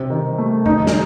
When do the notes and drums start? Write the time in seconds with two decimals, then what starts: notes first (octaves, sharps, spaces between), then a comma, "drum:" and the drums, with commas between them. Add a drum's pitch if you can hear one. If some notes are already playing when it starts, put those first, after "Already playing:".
Already playing: C3
0.10 D#3
0.38 A3
0.66 D#4, drum: tom F2
0.87 drum: snare